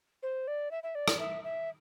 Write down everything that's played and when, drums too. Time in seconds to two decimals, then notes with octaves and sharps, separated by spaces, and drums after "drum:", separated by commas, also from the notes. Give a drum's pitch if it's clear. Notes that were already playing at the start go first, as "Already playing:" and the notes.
0.23 C5
0.47 D5
0.71 E5
0.83 E5
0.95 D5
1.08 drum: rim click
1.19 E5
1.44 E5